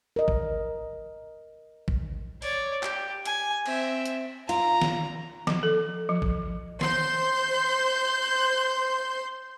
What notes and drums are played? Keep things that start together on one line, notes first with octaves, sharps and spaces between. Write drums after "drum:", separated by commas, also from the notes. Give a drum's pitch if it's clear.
A#4 D#5
drum: kick
drum: kick
C#5 D5, drum: open hi-hat
G4, drum: clap
G#5, drum: hi-hat
C4 E5, drum: cymbal
drum: hi-hat
F4 A#5, drum: cymbal
drum: snare
F3, drum: snare
A4
F3
drum: kick
C5 C6 G6, drum: snare